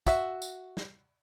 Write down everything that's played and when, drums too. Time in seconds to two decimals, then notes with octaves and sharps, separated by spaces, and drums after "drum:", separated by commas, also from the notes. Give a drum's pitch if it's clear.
0.06 F#4 E5, drum: kick, tambourine
0.42 drum: tambourine
0.77 drum: snare